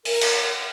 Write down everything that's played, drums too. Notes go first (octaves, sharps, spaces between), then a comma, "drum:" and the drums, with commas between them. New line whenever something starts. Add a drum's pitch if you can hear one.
A#4, drum: open hi-hat
drum: cymbal